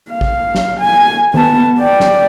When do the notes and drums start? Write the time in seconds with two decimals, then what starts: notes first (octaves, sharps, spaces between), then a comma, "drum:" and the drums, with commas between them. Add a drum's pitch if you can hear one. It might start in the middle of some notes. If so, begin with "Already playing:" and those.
0.10 F5
0.21 drum: kick A1
0.55 drum: snare
0.80 G#5
1.34 B3 A5, drum: tom D#3
1.79 D5 G5
2.00 drum: snare